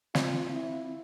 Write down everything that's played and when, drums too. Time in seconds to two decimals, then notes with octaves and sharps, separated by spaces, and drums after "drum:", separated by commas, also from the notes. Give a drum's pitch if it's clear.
0.15 C4 F4, drum: snare
0.51 E4